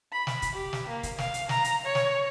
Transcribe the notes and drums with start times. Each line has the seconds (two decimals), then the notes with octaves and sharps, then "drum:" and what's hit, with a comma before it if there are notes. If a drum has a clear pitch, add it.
0.13 B5
0.27 drum: snare
0.42 drum: kick, hi-hat
0.55 G4
0.73 drum: snare
0.89 A#3
1.03 drum: kick, hi-hat
1.18 F5, drum: snare
1.34 drum: hi-hat
1.49 A#5, drum: snare
1.64 drum: hi-hat
1.86 C#5
1.95 drum: snare